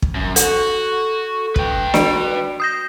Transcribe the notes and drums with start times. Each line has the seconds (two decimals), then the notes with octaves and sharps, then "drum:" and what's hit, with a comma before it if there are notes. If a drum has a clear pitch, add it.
0.02 drum: kick
0.15 F#2
0.36 F#4 A4, drum: hi-hat
1.56 B4 G5, drum: kick
1.94 F#4 D5 D7, drum: snare
2.60 D#6 G6 A#6